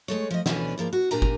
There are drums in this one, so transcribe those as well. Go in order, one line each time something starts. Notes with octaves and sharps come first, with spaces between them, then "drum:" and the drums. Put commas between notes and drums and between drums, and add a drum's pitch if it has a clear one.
G#3 A3 C#5
F3 D#5
D2 B2 E3 C#4 D4 G#5, drum: snare
G#2 F3 A#3 D5
F#4
A#2 D4 G4 A#4 G#5 A#5
drum: kick